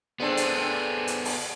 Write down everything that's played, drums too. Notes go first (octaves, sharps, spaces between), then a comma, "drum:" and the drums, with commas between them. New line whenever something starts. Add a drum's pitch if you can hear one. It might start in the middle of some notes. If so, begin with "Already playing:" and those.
G#3 B3 C4 D4 A4
drum: hi-hat
drum: hi-hat
drum: open hi-hat